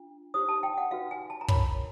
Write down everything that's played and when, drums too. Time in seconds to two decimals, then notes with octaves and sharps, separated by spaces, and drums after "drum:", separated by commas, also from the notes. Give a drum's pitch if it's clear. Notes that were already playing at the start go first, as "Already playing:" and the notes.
Already playing: D4 F4
0.34 D#4 G4 C5 D#6
0.49 A5
0.63 G5
0.78 F#5
0.91 D#4 F#4 B4 F5
1.11 G#5
1.30 A5
1.41 A#5
1.48 F#4 A#4 C#5 B5, drum: kick